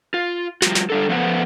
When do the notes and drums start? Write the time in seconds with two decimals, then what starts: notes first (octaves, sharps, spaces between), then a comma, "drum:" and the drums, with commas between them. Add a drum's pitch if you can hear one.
0.14 F4
0.62 G3 F4 F#4, drum: snare
0.75 drum: snare
0.90 G3 D4 A4
1.09 F3 A3 B3 B4 C5 F#5